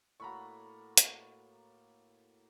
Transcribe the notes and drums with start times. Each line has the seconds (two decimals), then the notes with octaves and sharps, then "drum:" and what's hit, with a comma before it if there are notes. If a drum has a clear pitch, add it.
0.20 A2 A#3 F#4 A#5 B5 C#6
0.97 drum: hi-hat